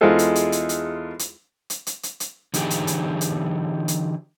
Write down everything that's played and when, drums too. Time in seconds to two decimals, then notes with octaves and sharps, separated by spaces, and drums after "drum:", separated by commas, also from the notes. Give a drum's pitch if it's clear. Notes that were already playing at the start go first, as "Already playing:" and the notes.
0.01 E2 G#3 D#4 F4 A4 C5
0.19 drum: hi-hat
0.35 drum: hi-hat
0.52 drum: hi-hat
0.69 drum: hi-hat
1.19 drum: hi-hat
1.70 drum: hi-hat
1.87 drum: hi-hat
2.03 drum: hi-hat
2.20 drum: hi-hat
2.54 D3 E3 F#3 D#4 G4 G#4, drum: hi-hat
2.70 drum: hi-hat
2.87 drum: hi-hat
3.21 drum: hi-hat
3.88 drum: hi-hat